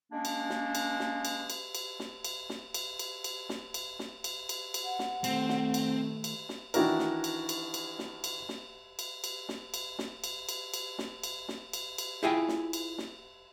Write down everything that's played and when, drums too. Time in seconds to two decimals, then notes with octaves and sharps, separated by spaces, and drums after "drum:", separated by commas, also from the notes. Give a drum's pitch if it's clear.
0.12 G#3 A#3 C#4 D4
0.25 drum: cymbal
0.50 drum: snare
0.75 drum: cymbal
1.00 drum: snare
1.25 drum: cymbal
1.50 drum: cymbal
1.75 drum: cymbal
2.00 drum: snare
2.24 drum: cymbal
2.49 drum: snare
2.74 drum: cymbal
2.99 drum: cymbal
3.24 drum: cymbal
3.49 drum: snare
3.74 drum: cymbal
3.99 drum: snare
4.24 drum: cymbal
4.49 drum: cymbal
4.74 drum: cymbal
4.83 F#5
4.99 drum: snare
5.24 D#3 A3 C4, drum: cymbal
5.49 drum: snare
5.74 drum: cymbal
6.24 drum: cymbal
6.49 drum: snare
6.74 D#3 E3 D4 E4 F#4 A#4, drum: cymbal
6.99 drum: snare
7.24 drum: cymbal
7.49 drum: cymbal
7.74 drum: cymbal
7.99 drum: snare
8.24 drum: cymbal
8.49 drum: snare
8.99 drum: cymbal
9.24 drum: cymbal
9.49 drum: snare
9.74 drum: cymbal
9.99 drum: snare
10.24 drum: cymbal
10.49 drum: cymbal
10.74 drum: cymbal
10.99 drum: snare
11.23 drum: cymbal
11.48 drum: snare
11.73 drum: cymbal
11.98 drum: cymbal
12.23 E4 F4 G#4 E5 G5 G#5
12.48 drum: snare
12.73 drum: cymbal
12.98 drum: snare